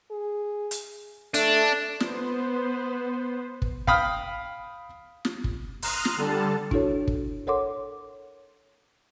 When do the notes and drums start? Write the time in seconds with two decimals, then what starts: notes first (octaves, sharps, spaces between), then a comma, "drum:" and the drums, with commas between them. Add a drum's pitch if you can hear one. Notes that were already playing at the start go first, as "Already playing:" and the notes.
0.11 G#4
0.71 drum: hi-hat
1.34 A3 D4, drum: hi-hat
2.00 B3 C5, drum: snare
3.62 drum: kick
3.87 F5 G5 B5 D#6 F6, drum: kick
5.25 drum: snare
5.44 drum: kick
5.82 A#5 C6 D#6 F6 F#6, drum: open hi-hat
6.05 drum: snare
6.17 D3 G3 A4 A5
6.71 D4 E4 F#4 A4 C#5, drum: kick
7.07 drum: kick
7.47 A4 A#4 C#5 F#5 C6 D6